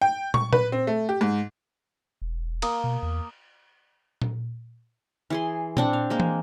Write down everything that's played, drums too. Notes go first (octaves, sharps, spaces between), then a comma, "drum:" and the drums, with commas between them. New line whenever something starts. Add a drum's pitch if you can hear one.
G5
C#6, drum: tom
B4, drum: tom A#2
C4
A3
G4
G#2
E1
A#3 D#6, drum: cymbal
B2
E2
drum: tom A#2
E3 G#4 C6
C4 D4 F#5, drum: tom A#2
F5
G#3 A#3 C5
drum: tom E3